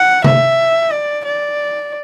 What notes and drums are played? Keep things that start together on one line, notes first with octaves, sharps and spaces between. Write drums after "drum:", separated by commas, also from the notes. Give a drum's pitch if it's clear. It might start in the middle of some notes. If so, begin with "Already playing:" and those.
Already playing: F#5
E5, drum: tom C3
D5
D5